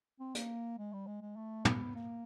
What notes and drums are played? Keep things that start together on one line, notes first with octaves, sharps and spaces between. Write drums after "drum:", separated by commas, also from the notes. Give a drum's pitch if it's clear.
C4
A#3, drum: hi-hat
G#3
G3
G#3
G#3
A3
B3, drum: tom
A#3